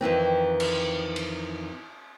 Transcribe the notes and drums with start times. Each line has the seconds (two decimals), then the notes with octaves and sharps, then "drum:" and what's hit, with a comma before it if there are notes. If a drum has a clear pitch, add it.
0.01 F2 D#3 E3 C4
0.60 drum: cymbal
1.16 drum: cymbal